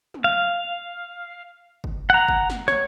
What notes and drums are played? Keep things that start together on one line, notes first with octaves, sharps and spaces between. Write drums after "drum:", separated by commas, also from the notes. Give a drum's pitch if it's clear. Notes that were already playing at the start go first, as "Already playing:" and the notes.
drum: tom
F5
drum: kick
F#5 A#5
drum: kick
drum: snare
C#5, drum: snare